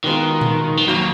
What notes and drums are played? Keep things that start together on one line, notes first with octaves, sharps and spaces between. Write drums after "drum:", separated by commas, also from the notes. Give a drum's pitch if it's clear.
B2 D#3 G#3 B3 F4
drum: tom A#2
F3
F2 D#3 F#3 A#3